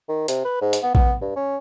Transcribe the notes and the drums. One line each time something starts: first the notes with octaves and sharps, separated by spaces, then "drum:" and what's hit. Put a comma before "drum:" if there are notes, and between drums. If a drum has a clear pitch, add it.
D#3
C3, drum: hi-hat
B4
G#2
drum: hi-hat
B3
B3, drum: kick A#1
G2
C#4